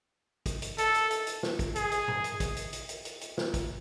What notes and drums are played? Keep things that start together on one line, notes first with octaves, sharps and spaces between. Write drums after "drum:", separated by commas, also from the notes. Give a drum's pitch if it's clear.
drum: kick, hi-hat
drum: hi-hat
A4, drum: hi-hat
drum: hi-hat
drum: hi-hat
drum: hi-hat
drum: snare
drum: kick, hi-hat
G#4, drum: hi-hat
drum: hi-hat
drum: tom G2
drum: hi-hat
drum: kick, hi-hat
drum: hi-hat
drum: hi-hat
drum: hi-hat
drum: hi-hat
drum: hi-hat
drum: snare
drum: kick, hi-hat